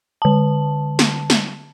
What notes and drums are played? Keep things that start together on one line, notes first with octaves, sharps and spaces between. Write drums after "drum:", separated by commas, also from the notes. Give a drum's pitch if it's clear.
D3 A5
drum: snare
drum: snare